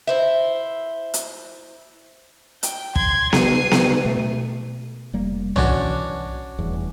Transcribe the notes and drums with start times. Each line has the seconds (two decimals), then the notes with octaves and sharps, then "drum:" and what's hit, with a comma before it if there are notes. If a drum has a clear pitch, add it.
0.07 E4 C5 E5
1.14 drum: hi-hat
2.63 G5, drum: hi-hat
2.96 C6 G#6, drum: kick
3.33 C7 D#7, drum: snare B3
3.71 drum: snare B3
4.05 B2 A3
5.13 F1 G3 A#3
5.56 E3 C#4 D4 F#4, drum: tom
6.58 F1 E2 G2